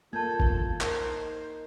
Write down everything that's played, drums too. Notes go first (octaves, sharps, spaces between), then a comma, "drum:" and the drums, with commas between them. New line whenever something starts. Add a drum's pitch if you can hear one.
A#3 F4 A4 A5 G6 G#6
drum: kick
D#4 A#4 C5, drum: clap